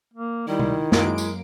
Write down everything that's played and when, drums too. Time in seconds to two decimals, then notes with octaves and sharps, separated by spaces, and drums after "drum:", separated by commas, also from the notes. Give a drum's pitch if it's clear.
0.14 A#3
0.48 D#3 G3 E4
0.59 drum: tom C3
0.92 F#2 G#3 A#3 D7, drum: snare
1.18 drum: tambourine